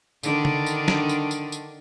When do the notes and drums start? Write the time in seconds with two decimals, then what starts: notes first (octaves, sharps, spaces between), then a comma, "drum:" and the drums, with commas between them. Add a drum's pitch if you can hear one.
0.23 D3 D#3 D4, drum: tambourine
0.45 drum: tom C#3
0.66 drum: tambourine
0.88 drum: snare
1.09 drum: tambourine
1.31 drum: tambourine
1.52 drum: tambourine